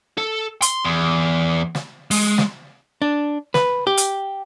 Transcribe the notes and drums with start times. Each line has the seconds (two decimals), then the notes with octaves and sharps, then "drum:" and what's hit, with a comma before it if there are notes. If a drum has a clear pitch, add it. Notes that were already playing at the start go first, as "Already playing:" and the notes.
0.18 A4
0.62 C6, drum: hi-hat
0.84 E2
1.75 drum: snare
2.11 G#3, drum: open hi-hat
2.38 drum: snare
3.02 D4
3.54 B4, drum: snare
3.87 G4
3.97 drum: hi-hat